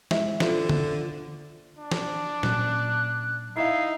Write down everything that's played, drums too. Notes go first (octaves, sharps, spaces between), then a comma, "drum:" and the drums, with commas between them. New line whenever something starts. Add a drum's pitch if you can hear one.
G#3 E4 E5, drum: snare
D3 F4 C5, drum: snare
drum: tom D3
D4
drum: snare
A#2 F#3 C#4 F#6, drum: snare
D#4 E4 E5 F5 C7